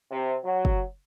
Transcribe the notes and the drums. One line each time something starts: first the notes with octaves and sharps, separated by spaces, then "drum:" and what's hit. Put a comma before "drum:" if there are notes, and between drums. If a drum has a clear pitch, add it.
C3
F#3
drum: kick